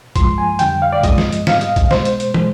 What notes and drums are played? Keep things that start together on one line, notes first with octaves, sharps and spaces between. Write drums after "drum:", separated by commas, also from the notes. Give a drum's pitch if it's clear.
G2 F3 G#3 C6, drum: kick, hi-hat
G#5
F2 D3 G3 G5, drum: hi-hat
F5
D5
G2 F3 G#3 D#5, drum: kick, hi-hat
drum: snare
drum: hi-hat
G#2 G3 F5, drum: snare
D#5, drum: hi-hat
drum: kick, hi-hat
B2 G#3 C5, drum: snare
drum: hi-hat
drum: hi-hat
B2 G#3, drum: tom